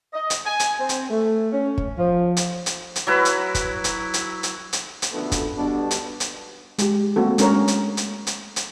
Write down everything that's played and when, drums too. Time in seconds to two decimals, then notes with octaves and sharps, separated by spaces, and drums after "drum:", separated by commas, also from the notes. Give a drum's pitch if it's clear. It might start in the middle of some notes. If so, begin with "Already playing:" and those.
0.14 D#5
0.30 drum: hi-hat
0.46 G#5
0.60 drum: hi-hat
0.80 C4
0.89 drum: hi-hat
1.10 A3
1.53 C#4
1.78 drum: kick
1.98 F3
2.37 drum: hi-hat
2.66 drum: hi-hat
2.96 drum: hi-hat
3.07 F#3 E4 B4
3.25 drum: hi-hat
3.55 drum: kick, hi-hat
3.84 drum: hi-hat
4.14 drum: hi-hat
4.43 drum: hi-hat
4.73 drum: hi-hat
5.02 drum: hi-hat
5.13 F#2 B2 D3 F3 A3 B3
5.32 drum: kick, hi-hat
5.58 G2 B2 D3 B3 D4
5.91 drum: hi-hat
6.20 drum: hi-hat
6.78 G#3 G4, drum: hi-hat
7.16 A3 A#3 C4 F#4 A4
7.38 G#3 C#4 D4 A#4 C#5, drum: hi-hat
7.68 drum: hi-hat
7.97 drum: hi-hat
8.27 drum: hi-hat
8.56 drum: hi-hat